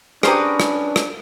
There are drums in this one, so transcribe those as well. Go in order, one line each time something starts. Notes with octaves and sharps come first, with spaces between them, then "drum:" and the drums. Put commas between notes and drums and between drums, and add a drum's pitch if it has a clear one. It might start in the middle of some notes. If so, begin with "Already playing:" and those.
C#4 D4 G4 G#4 B4 C5 A#5 D#6, drum: rim click
drum: rim click
drum: rim click